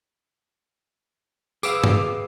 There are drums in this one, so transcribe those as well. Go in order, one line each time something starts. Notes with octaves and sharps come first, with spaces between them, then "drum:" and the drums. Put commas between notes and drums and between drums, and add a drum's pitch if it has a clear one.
G#4 B4 F5 D6 E6, drum: tambourine
drum: tom